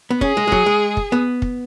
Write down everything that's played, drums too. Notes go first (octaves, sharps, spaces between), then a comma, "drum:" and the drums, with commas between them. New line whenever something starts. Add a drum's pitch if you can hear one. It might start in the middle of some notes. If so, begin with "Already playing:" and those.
B3
C#4 G#4, drum: kick
G#3
G#3
F#3, drum: kick
G#3
drum: kick
B3
drum: kick